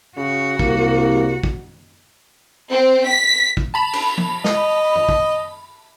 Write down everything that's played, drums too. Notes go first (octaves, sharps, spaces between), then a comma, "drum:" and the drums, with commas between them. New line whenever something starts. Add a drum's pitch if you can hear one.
C#3 F#4
C2 A#3, drum: kick
drum: kick
C4
B6
drum: kick
A5 B5 F7
drum: cymbal
drum: tom F3
D#5, drum: snare
drum: tom
drum: kick